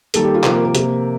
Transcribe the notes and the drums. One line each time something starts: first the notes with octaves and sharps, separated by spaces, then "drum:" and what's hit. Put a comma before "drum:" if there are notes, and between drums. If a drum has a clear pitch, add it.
D#3 G3 A#3 A4, drum: hi-hat
G4
F4
C3 F3 A#3 G4, drum: clap
A#4
A#4
C3 F3 A#3, drum: hi-hat